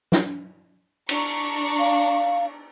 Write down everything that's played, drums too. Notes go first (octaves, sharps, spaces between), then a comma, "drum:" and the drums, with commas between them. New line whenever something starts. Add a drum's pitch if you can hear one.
drum: snare
D4 A#5 C#6, drum: cymbal
F5